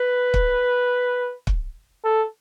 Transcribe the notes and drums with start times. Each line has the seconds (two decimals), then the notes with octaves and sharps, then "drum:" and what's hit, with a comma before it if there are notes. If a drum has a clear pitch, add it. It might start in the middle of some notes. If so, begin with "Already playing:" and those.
Already playing: B4
0.34 drum: kick
1.47 drum: kick
2.04 A4